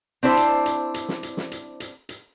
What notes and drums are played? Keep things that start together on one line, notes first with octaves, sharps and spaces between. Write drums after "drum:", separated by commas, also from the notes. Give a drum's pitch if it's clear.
C4 D4 E4 C5
drum: hi-hat
drum: hi-hat
drum: hi-hat
drum: snare
drum: hi-hat
drum: snare
drum: hi-hat
drum: hi-hat
drum: hi-hat